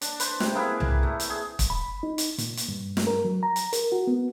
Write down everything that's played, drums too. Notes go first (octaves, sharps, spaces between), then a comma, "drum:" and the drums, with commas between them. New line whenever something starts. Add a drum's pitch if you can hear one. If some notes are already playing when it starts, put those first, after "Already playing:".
D4, drum: hi-hat
B4 C5, drum: hi-hat
C3, drum: snare
A#3 E4 G#4 B4
drum: tom C2
A3
drum: hi-hat
G#4
drum: kick, hi-hat
B5
D#4
drum: hi-hat
A#2, drum: hi-hat
drum: hi-hat
G2
drum: snare
A#4
F#3
A#5
drum: hi-hat
A#4, drum: hi-hat
F#4
B3